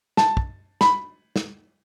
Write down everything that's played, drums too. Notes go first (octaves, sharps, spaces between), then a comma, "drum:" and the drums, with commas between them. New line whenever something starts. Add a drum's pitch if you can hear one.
A5, drum: snare
drum: kick
B5, drum: snare
drum: snare